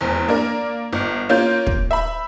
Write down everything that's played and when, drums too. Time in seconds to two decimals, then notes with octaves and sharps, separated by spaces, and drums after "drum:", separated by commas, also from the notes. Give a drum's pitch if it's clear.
0.01 F1 E2
0.28 A#3 D4 A#4
0.93 G1
1.29 A#3 C#4 F4 G6
1.67 drum: kick
1.91 E5 B5